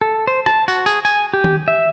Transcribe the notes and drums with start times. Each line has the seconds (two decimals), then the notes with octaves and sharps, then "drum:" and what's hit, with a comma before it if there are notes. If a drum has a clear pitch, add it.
0.01 A4
0.27 C5
0.46 A5, drum: rim click
0.68 F#4, drum: tambourine
0.86 G#4, drum: tambourine
1.05 G#5, drum: tambourine
1.34 G4
1.44 drum: tom D#3
1.68 E5